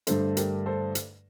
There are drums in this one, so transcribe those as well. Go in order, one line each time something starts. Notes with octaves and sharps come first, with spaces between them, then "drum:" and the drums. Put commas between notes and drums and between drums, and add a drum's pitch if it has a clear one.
G2 D3 A3 A4 C5, drum: hi-hat
G4 A#4, drum: hi-hat
A4 C5
drum: hi-hat